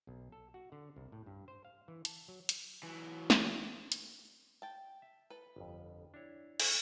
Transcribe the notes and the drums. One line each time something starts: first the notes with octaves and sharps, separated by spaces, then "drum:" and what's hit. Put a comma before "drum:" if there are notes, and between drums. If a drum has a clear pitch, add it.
B1
A4
F#4
D3
C2
A2
G2
C5
F5
E3
A5, drum: hi-hat
F#3
drum: hi-hat
E3 F#3
drum: snare
drum: hi-hat
G5 A5
E5
A4 B4
G1 F2
D4 E4 C#5
A4 C5 G#5 C#6, drum: cymbal